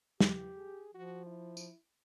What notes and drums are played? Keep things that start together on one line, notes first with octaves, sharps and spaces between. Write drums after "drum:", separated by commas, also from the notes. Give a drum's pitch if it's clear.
E3 G4, drum: snare
G#4
F3 F#4
E4
drum: tambourine